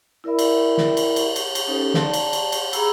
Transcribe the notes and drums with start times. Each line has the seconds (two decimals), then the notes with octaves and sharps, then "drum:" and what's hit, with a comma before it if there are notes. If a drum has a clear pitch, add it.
0.24 E4 A#4 D5 E5 B5
0.39 drum: cymbal
0.77 drum: snare
0.97 drum: cymbal
1.16 drum: cymbal
1.36 drum: cymbal
1.55 drum: cymbal
1.67 C#4 D#4 G4 A4 C5
1.94 D5 F5 A5 C6, drum: snare
2.13 drum: cymbal
2.33 drum: cymbal
2.52 drum: cymbal
2.73 G#4 A#5 B5 E6, drum: cymbal